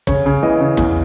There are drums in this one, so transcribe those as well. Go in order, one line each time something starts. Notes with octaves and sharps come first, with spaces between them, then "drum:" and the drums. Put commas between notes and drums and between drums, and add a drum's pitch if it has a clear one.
C#3 C#5, drum: kick
C#3
E3 D#5
C#3
E2, drum: kick